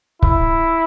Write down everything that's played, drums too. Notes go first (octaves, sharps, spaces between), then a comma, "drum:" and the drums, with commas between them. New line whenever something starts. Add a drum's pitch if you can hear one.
E4, drum: kick C#1